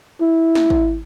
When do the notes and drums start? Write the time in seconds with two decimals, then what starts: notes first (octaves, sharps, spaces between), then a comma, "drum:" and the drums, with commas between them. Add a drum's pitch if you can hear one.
0.21 E4
0.55 drum: snare
0.70 drum: kick